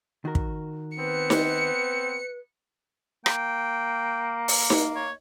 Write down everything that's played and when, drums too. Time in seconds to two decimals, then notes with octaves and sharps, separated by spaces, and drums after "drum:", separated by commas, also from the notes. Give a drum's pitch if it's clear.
0.25 D#3 F#4 A#4
0.35 drum: kick
0.98 B3 C4 B4 C#7
1.30 drum: snare D#4
3.26 A#3 G5, drum: rim click
4.48 drum: open hi-hat
4.70 drum: snare D#4
4.96 C#5